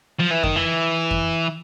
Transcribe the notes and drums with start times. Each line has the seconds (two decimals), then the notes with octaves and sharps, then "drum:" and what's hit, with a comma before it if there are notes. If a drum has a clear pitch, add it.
0.20 F3
0.31 E3
0.44 D#3, drum: kick F2
0.56 E3
1.11 drum: kick F2